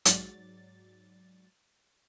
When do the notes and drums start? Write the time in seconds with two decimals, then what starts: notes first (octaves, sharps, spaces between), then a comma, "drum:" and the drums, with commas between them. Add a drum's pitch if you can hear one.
0.05 G#2 F#3 D5 A6, drum: hi-hat